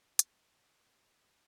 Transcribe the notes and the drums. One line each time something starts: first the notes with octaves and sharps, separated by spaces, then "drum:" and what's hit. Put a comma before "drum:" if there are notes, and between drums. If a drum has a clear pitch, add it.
drum: hi-hat
D#5
E1 E2